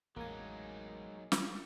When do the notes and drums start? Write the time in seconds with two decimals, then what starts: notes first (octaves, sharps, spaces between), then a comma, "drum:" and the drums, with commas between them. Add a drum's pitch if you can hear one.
0.16 A1 E2 F#3 G#3 A#3 D#4 A#4 G#5
1.32 drum: snare